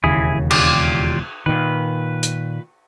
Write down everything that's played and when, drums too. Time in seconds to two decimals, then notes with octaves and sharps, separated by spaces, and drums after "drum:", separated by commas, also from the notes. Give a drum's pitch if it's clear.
0.04 E1 D#2 C#3 E4 G#4
0.51 F4 G4 D5, drum: cymbal
1.46 A#2 D#3 B4
2.23 drum: hi-hat